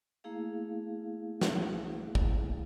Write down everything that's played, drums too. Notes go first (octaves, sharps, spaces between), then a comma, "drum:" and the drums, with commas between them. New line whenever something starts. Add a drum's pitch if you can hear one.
A3 A#3 E4 G#4 F5
drum: snare
drum: kick